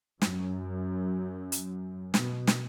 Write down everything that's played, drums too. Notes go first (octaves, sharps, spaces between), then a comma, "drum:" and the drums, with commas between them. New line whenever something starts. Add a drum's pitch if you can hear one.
F#2, drum: snare
drum: hi-hat
B2, drum: snare
drum: snare